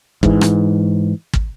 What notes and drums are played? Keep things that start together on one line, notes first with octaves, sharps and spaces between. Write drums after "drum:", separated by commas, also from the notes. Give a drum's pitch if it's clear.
G#2 E3, drum: kick
drum: rim click
drum: kick